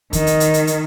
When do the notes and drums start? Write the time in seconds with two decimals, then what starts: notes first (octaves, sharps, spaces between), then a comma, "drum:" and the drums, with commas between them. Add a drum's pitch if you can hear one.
0.13 D#3, drum: kick, hi-hat
0.27 drum: hi-hat
0.40 drum: hi-hat
0.54 drum: hi-hat
0.67 drum: hi-hat